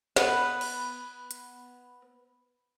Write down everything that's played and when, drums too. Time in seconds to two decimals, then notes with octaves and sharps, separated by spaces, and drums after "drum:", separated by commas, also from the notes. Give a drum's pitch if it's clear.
0.16 B3 B4 F#5, drum: snare
0.61 drum: cymbal
1.31 drum: hi-hat